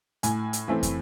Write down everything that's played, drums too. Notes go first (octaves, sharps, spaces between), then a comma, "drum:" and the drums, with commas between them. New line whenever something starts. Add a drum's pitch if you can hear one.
A2 G#5, drum: hi-hat
drum: hi-hat
E3 A3 C4
drum: kick, hi-hat